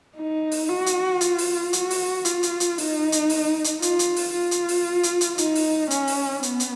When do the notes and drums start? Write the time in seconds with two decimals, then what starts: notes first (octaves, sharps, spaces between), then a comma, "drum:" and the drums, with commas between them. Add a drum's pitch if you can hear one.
0.16 D#4
0.52 drum: open hi-hat
0.69 F#4
0.86 drum: hi-hat
1.21 F4, drum: hi-hat
1.38 drum: open hi-hat
1.73 F#4, drum: hi-hat
1.91 drum: open hi-hat
2.25 F4, drum: hi-hat
2.43 drum: hi-hat
2.60 drum: hi-hat
2.78 D#4, drum: open hi-hat
3.12 drum: hi-hat
3.30 drum: open hi-hat
3.64 drum: hi-hat
3.82 F4, drum: hi-hat
3.99 drum: hi-hat
4.16 drum: open hi-hat
4.33 F4
4.51 drum: hi-hat
4.69 drum: open hi-hat
5.03 drum: hi-hat
5.21 drum: hi-hat
5.38 D#4, drum: hi-hat
5.55 drum: open hi-hat
5.91 C#4, drum: hi-hat
6.08 drum: open hi-hat
6.43 B3, drum: hi-hat
6.60 drum: hi-hat